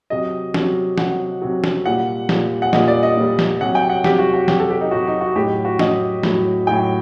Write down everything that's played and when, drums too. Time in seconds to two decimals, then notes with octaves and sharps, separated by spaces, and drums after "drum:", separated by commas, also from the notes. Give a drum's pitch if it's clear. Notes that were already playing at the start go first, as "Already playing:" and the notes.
0.10 C3 F#3 D#5
0.54 C3 F#3, drum: snare
0.98 C3 F#3 F#5, drum: snare
1.42 C3 F#3
1.64 drum: snare
1.85 A#2 G3 F#5
2.29 A#2 G3, drum: snare
2.62 F#5
2.73 A#2 G3 D#5, drum: snare
2.88 D5
3.03 D#5
3.17 A#2 G3
3.39 drum: snare
3.61 C3 F#3 F#5
3.75 G5
3.89 F#5
4.04 C3 F#3 G4, drum: snare
4.18 F#4
4.34 F#4
4.48 C3 F#3 G4, drum: snare
4.60 A4
4.70 G4
4.81 D#4
4.91 C3 F#3 F#4
5.07 D#4
5.21 F#4
5.36 A2 F#3 G4
5.65 F#4
5.79 A2 F#3 D#5, drum: snare
6.23 A2 F#3, drum: snare
6.67 A2 F#3 G5